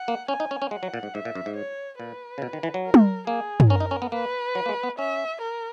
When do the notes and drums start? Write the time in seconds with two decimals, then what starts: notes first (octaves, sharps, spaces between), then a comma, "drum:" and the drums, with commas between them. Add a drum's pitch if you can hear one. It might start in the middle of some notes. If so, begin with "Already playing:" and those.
Already playing: F#5
0.08 A#3
0.28 C#4 G#5
0.40 D#4
0.51 C#4
0.62 C#4
0.71 G#3 F#5
0.83 F#3
0.94 A#2
1.03 G#2
1.14 G#2 E5
1.25 A#2
1.35 F#2
1.46 G#2
1.57 C#5
1.99 A#2 B4
2.38 C#3
2.42 B2
2.53 D#3
2.63 E3
2.74 F#3
2.85 A#4
2.94 drum: tom
3.27 A#3 G#4
3.60 drum: tom
3.70 C#4 A#4
3.80 D#4
3.91 C#4
4.02 B3
4.12 A#3 B4
4.55 F#3
4.66 A#3
4.69 G#3
4.83 B3
4.98 C#4 E5
5.41 A#4